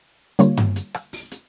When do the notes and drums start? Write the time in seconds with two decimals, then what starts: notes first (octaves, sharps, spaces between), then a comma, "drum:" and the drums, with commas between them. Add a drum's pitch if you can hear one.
0.39 D3 G3 A#3 F4 C#5, drum: hi-hat
0.57 drum: tom G2
0.76 drum: hi-hat
0.94 drum: rim click
1.13 drum: open hi-hat
1.31 drum: hi-hat